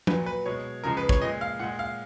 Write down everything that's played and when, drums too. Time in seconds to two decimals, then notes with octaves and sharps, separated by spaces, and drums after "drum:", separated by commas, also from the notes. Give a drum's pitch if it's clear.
0.07 A#2 F#3 B4, drum: tom F3
0.26 B4
0.46 B2 G#3 C#5
0.84 C#3 F3 G#3 A#4
0.97 B4
1.09 C#5, drum: kick
1.22 A#2 G#3 D#5
1.41 F5
1.59 A#2 G#3 F#5
1.79 F5